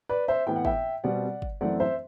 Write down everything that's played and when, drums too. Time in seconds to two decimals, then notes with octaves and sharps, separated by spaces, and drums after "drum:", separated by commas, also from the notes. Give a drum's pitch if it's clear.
0.09 B4 D5
0.28 C5 E5
0.47 A2 E3 B3 G5
0.56 F#5
0.65 E5 G5, drum: kick
1.04 B2 G3 C4 D5 F#5
1.42 drum: kick
1.61 F#2 E3 A3 C4 D5 F#5
1.80 C5 E5